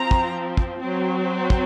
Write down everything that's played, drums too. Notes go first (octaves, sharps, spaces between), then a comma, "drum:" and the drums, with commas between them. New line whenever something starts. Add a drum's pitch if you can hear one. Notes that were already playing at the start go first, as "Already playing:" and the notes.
Already playing: F3 C4 A#5
drum: kick
drum: kick
F#3 C4
drum: kick